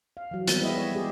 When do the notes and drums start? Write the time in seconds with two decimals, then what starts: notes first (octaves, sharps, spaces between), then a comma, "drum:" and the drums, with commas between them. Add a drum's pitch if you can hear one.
0.17 F5
0.31 E3 F#3
0.48 D#3 E3 F#3 G3 B3 C4, drum: hi-hat
0.60 G#3 E4 B4 D#5 E5
0.76 C#5
0.95 G4 G#4